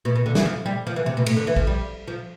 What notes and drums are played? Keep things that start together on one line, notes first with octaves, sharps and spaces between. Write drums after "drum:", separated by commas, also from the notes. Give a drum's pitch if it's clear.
B2
B2
D3
E3, drum: snare
F3
G3
F3
E3
C3
B2
A2, drum: cymbal
D3
E3
F3, drum: kick A#1
G3
F3